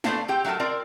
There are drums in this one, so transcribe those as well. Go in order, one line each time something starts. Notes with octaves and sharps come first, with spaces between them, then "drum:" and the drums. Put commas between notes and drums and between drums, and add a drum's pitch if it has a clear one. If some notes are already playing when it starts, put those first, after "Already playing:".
A3 B3 D4 C5 F5 A5, drum: snare
C4 G4 G5
F#3 A3 D4 A#4 A5
C4 F4 A#4 D5